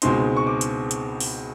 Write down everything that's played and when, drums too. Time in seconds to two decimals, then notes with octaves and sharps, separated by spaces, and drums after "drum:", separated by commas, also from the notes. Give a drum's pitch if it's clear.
0.02 C#2 B2 G#3 C4 D#4 C6, drum: hi-hat
0.36 C#6
0.47 D6
0.61 drum: hi-hat
0.91 drum: hi-hat
1.20 drum: open hi-hat